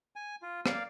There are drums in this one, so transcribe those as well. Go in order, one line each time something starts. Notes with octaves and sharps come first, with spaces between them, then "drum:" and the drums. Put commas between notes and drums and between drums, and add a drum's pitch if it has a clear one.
G#5
F4
A#3 D5 F5, drum: rim click